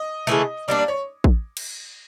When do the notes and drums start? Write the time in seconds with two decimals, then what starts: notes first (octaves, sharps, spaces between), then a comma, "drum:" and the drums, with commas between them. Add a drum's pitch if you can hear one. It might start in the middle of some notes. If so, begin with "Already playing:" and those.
Already playing: D#5
0.27 C#3 E3 A3
0.68 G3 A#3 D4 D5
0.79 D5
0.88 C#5
1.24 drum: kick A1
1.57 drum: cymbal